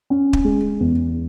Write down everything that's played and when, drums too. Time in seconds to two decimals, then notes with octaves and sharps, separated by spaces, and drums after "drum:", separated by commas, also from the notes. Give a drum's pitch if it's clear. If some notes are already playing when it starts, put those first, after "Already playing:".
0.10 C#4
0.33 drum: kick
0.45 G#3
0.80 E2